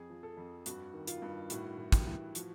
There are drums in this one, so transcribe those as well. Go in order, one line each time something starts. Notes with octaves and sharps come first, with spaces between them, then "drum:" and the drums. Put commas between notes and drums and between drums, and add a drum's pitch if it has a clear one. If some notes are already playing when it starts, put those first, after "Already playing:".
Already playing: F2 G#4
F3
A4
F2
G2 F#4, drum: hi-hat
D#3
F4, drum: hi-hat
G2
A2 F#4, drum: hi-hat
A2
G4, drum: kick, hi-hat
E3
F3 F#4, drum: hi-hat